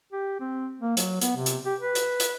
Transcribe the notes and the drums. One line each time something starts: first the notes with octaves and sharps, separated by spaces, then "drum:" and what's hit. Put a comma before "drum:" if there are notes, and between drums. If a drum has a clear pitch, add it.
G4
C4
A#3
F#3, drum: hi-hat
B3, drum: hi-hat
C3
drum: hi-hat
G4
B4
drum: hi-hat
drum: hi-hat